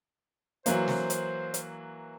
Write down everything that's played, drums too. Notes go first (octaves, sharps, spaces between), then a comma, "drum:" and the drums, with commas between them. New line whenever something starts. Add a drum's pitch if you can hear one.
E3 F#3 A#3 C5, drum: hi-hat
drum: snare
drum: hi-hat
drum: hi-hat